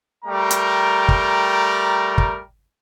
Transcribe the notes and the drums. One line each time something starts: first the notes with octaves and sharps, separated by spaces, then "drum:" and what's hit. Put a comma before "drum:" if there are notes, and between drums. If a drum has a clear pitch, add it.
G3 A3 A#4 G5 A#5
drum: hi-hat
drum: kick
drum: kick